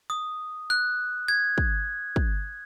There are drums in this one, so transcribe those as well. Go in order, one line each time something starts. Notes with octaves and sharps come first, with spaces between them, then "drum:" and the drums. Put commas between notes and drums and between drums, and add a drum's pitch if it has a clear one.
D#6
F#6
G#6
drum: kick
drum: kick